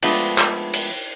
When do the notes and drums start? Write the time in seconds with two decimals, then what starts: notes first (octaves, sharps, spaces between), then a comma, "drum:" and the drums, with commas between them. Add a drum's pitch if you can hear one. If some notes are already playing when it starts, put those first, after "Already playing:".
0.03 F3 G#3 A3 B3 D4 F4, drum: cymbal
0.38 drum: clap
0.74 drum: cymbal